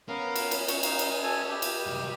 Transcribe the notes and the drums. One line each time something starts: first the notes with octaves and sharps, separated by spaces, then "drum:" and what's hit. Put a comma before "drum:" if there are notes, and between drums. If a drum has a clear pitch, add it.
B3 C#4 A#4 F5
drum: cymbal
drum: cymbal
C#6, drum: cymbal
D#4 F5, drum: cymbal
drum: cymbal
A4 G#5
G4
drum: cymbal
C2 F#2